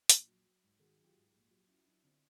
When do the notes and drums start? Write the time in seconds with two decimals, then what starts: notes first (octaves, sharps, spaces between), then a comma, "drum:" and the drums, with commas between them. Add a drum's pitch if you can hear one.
0.09 A#1, drum: hi-hat
0.28 F#3
0.45 F#3
0.62 G#2
0.79 D#3 F#4 G#4
0.98 F#3
1.04 F4 G4
1.16 G#2
1.27 F4 G4
1.33 A#1
1.50 F#3 F4 G4
1.68 C#4 E4 F#4
1.85 F#3 D4 E4
2.03 D3 C4 D4